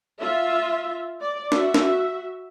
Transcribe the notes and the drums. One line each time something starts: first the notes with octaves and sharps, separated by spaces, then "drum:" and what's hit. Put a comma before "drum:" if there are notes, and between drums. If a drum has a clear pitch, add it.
F4 E5
D5
F#4 E5, drum: snare
drum: snare